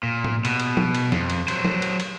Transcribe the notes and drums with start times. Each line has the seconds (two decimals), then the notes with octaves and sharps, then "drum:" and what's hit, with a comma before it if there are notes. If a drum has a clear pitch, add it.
0.03 A#2
0.24 drum: tom A2
0.45 B2, drum: cymbal
0.60 drum: cymbal
0.77 drum: tom F3
0.95 drum: cymbal
1.12 F2, drum: snare
1.30 drum: cymbal
1.48 F#3 C5, drum: cymbal
1.65 drum: tom F3
1.82 drum: cymbal
2.00 drum: cymbal